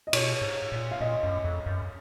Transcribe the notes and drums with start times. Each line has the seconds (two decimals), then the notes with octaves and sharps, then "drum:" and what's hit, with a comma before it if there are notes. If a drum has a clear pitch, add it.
0.07 D#5
0.13 B2 C#5, drum: cymbal
0.42 G#2
0.72 A#2
0.91 F5
1.01 A#2 D#5
1.23 F#2
1.44 F2
1.66 F#2